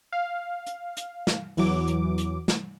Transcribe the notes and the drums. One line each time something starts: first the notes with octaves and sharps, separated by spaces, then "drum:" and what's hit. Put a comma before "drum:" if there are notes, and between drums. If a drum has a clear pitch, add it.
F5
drum: hi-hat
drum: hi-hat
drum: snare
E2 E3 F#3 D6, drum: open hi-hat
drum: hi-hat
drum: hi-hat
drum: snare